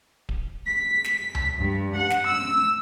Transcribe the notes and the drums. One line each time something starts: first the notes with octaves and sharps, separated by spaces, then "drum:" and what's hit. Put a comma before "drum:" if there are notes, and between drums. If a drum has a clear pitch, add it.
drum: kick D1
B6
drum: snare
drum: tom C#2
G2
F#5
drum: snare
E6